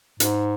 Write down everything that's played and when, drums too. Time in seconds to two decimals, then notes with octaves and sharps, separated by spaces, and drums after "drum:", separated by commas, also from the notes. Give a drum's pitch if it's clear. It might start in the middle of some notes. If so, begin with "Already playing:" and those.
0.20 G#2, drum: hi-hat